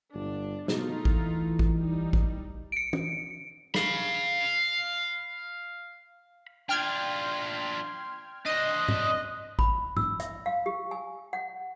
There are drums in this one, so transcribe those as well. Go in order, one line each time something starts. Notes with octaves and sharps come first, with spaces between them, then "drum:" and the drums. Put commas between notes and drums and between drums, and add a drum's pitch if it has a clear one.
G1 D4
B2 A3 D#4 F4, drum: snare
E3, drum: kick A1
drum: kick A1
G3 D#4
drum: kick A1
C#7 D7
drum: tom
F5 B5, drum: snare
D4 F4 G5 C6 F6 G#6
D4 C5 D#5 F#6
drum: tom G#2
B5, drum: kick A1
E6, drum: tom G#2
E5, drum: hi-hat
F5
G4
G#5
F#5